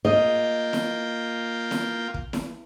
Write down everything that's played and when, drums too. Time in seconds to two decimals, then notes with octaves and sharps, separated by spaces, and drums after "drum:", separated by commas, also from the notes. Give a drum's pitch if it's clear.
0.05 A#3 F4 D#5 G5
0.73 drum: snare E4
1.71 drum: snare E4
2.14 drum: kick
2.33 drum: snare E4